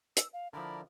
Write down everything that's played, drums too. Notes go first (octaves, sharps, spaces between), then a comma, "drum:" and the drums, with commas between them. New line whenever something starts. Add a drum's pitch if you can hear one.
E6, drum: hi-hat
F5
D3 F3 E4 A#4 D5 B5